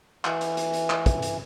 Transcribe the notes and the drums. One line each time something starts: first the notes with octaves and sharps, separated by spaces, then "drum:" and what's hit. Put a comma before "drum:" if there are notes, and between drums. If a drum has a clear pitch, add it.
E3, drum: clap
drum: hi-hat
drum: hi-hat
drum: hi-hat
drum: clap
drum: kick, hi-hat
drum: hi-hat